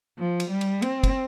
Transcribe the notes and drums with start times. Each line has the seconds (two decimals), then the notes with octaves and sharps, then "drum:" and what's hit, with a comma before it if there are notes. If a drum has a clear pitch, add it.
0.18 F3
0.40 drum: cymbal
0.51 G3
0.61 drum: cymbal
0.82 C4, drum: cymbal
1.03 drum: kick, cymbal